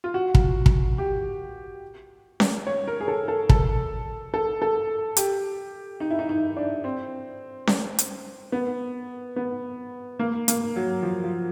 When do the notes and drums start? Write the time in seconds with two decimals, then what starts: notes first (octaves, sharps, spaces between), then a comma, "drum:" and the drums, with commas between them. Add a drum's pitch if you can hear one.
0.04 F4
0.14 F#4
0.35 drum: kick
0.66 drum: kick
0.98 G4
2.40 drum: snare C#4
2.67 C#5
2.88 A#4
3.01 G#4
3.08 A4
3.28 A4
3.49 A4, drum: kick
4.34 A4
4.62 A4
5.17 G4, drum: hi-hat
6.00 D#4
6.11 E4
6.19 D#4
6.29 D#4
6.57 D4
6.84 C4
7.67 drum: snare C#4
7.99 drum: hi-hat
8.52 B3
9.36 B3
10.19 A#3
10.48 A#3, drum: hi-hat
10.76 F#3
11.03 F3
11.24 F3